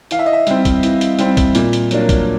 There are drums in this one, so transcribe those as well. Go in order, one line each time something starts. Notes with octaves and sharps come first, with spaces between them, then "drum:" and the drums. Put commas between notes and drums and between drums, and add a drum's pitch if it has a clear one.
E3 F5, drum: hi-hat
E5
D#5
E5
G3 C4, drum: hi-hat
drum: kick, hi-hat
E3, drum: hi-hat
drum: hi-hat
G3 C4, drum: hi-hat
drum: kick, hi-hat
A#2, drum: hi-hat
drum: hi-hat
F#3 A#3 D4, drum: hi-hat
drum: kick, hi-hat